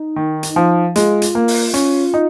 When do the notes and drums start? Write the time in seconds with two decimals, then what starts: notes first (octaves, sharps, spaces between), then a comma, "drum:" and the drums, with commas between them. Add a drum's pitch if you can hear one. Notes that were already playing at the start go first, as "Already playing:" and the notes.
Already playing: D#4
0.16 D#3
0.43 drum: hi-hat
0.56 F3
0.95 G#3 F4, drum: hi-hat
1.22 drum: hi-hat
1.35 A#3
1.48 drum: open hi-hat
1.74 C#4, drum: hi-hat
2.14 D#4